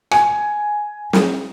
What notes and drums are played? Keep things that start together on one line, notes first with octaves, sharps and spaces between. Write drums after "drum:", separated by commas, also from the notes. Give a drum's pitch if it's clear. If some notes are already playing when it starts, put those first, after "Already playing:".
G#5, drum: rim click
drum: snare